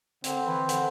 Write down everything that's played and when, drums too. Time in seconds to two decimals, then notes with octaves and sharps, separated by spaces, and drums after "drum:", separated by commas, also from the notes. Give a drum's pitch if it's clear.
0.24 D3 C4, drum: hi-hat
0.46 E3
0.69 D3, drum: hi-hat